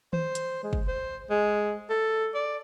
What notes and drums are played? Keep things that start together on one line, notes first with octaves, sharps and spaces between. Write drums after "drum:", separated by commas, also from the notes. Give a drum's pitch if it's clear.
C5, drum: tom D#3
drum: hi-hat
G#3
drum: kick
C5
G#3
A4
D5